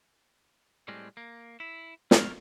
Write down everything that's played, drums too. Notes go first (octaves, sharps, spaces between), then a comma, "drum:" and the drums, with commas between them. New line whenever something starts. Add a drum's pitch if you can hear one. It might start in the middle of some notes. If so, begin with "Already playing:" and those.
A2 G3 G#3 C4
A#3
E4
A3 A#3 F4 A#4, drum: snare